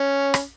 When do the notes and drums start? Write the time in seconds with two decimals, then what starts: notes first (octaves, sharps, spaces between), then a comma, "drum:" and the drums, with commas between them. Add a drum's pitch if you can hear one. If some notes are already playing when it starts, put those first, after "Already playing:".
Already playing: C#4
0.34 drum: rim click